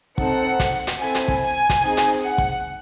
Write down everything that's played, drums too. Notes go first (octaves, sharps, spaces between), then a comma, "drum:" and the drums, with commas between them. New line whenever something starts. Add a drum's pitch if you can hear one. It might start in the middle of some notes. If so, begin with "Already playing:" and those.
C4 D#4 A4 F#5, drum: kick
drum: kick, hi-hat
drum: hi-hat
C4 E4 A4 G#5
drum: hi-hat
drum: kick
G#5
drum: kick, hi-hat
C4 D#4 G#4
drum: hi-hat
F#5
drum: kick